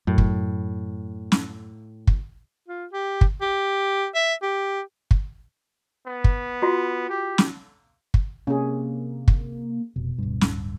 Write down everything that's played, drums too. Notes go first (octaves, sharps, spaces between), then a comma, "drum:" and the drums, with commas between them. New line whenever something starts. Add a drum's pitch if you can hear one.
F#2 A2
drum: kick
drum: snare
drum: kick
F4
G4
drum: kick
G4
E5
G4
drum: kick
B3
drum: kick
F4 F#4
G4
drum: snare
drum: kick
C3 A#3 C#4 G#4
drum: kick
F1 B2
D1 G2
drum: snare